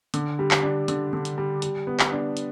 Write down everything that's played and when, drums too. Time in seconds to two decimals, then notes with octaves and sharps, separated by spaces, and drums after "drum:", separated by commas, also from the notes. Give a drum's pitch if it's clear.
0.14 D3, drum: hi-hat
0.39 G3
0.51 drum: clap
0.63 D4
0.88 D3, drum: hi-hat
1.13 D3
1.25 drum: hi-hat
1.38 G3
1.62 G3, drum: hi-hat
1.87 B3
2.00 drum: clap
2.12 D4
2.37 drum: hi-hat